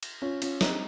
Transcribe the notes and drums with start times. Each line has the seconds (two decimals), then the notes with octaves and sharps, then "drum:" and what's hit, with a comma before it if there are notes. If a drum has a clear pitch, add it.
0.03 drum: cymbal
0.22 C#4 F4
0.42 C#4 F4, drum: cymbal
0.61 C4 D#4, drum: snare